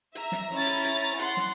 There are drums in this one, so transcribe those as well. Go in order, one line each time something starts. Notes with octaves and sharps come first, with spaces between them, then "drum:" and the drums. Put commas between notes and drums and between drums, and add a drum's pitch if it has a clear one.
E5 A#5, drum: hi-hat
drum: snare
C#4 E4 A#5 A6
drum: hi-hat
drum: hi-hat
F#5 C6, drum: hi-hat
drum: snare